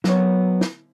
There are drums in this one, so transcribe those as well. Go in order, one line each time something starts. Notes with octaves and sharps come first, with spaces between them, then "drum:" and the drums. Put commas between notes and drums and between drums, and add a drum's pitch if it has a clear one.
F#3 A#3 B3 C#5, drum: snare
drum: snare